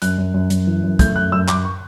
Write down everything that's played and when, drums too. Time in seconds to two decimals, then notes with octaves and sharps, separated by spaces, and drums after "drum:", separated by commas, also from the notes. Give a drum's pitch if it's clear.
0.02 F#2 F#6, drum: hi-hat
0.18 F#2
0.34 F#2
0.50 F#2, drum: hi-hat
0.67 E3
0.83 F#2
0.99 A3 G6, drum: kick, hi-hat
1.16 F#2 F#6
1.32 F#2 E6
1.48 F#2 D6, drum: clap
1.65 C#6